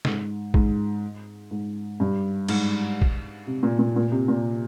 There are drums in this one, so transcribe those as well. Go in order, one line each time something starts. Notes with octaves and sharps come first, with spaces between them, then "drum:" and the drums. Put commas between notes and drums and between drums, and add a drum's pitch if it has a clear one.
G#2, drum: snare
G#2, drum: kick
G#2
G2
G#2, drum: cymbal
drum: kick
C3
A#2
A#2
A#2
C3
A#2